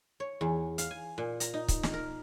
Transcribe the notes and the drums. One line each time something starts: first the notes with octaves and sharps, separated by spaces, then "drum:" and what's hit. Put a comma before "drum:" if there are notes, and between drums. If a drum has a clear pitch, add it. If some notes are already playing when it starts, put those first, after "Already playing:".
C#5
E2
F5, drum: hi-hat
G#5
A#2
A#5, drum: hi-hat
D#4
drum: kick C#1, hi-hat
drum: snare
A#4